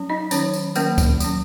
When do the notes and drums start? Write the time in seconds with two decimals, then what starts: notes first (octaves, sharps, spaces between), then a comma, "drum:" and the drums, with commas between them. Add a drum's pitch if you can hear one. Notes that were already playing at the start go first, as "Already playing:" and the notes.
Already playing: F#3 C#4
0.10 D#4 D#5
0.31 D#3 F#3 C#4 C#5, drum: tambourine
0.53 drum: tambourine
0.76 D#3 F#3 A#3 C#4 A#4, drum: tambourine
0.98 drum: kick C#2, tambourine
1.20 F#3 C#4, drum: tambourine